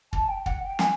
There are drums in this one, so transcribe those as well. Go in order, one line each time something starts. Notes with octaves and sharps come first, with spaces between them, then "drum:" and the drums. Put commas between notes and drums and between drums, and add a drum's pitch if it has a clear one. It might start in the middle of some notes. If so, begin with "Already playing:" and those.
A5, drum: kick
G5
F#5, drum: kick
G5
G#5, drum: snare